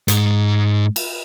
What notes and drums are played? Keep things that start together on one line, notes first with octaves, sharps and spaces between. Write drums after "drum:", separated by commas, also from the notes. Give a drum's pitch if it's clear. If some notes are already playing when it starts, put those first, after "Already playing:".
G#2, drum: hi-hat
drum: cymbal